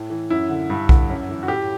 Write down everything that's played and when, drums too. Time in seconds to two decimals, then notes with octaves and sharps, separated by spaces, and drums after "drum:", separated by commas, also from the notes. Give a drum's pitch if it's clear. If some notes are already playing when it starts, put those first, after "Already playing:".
Already playing: A2
0.10 E3
0.30 F#2 E4
0.49 D3
0.70 G2
0.89 D3, drum: kick B1
1.09 F#2
1.29 E3
1.43 F#4
1.48 A2 G4